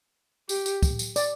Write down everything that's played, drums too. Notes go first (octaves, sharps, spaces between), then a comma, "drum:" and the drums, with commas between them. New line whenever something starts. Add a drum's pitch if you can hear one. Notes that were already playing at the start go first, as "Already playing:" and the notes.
G4, drum: tambourine
drum: tambourine
drum: kick, tambourine
drum: tambourine
D5, drum: tambourine